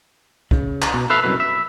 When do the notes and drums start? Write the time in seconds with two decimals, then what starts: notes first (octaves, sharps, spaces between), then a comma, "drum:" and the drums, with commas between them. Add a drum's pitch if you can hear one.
0.51 C#3, drum: kick C2
0.82 drum: clap
0.94 B2
1.10 A4 B4 E5 F5
1.23 C2 F#2 B2 B4
1.40 E5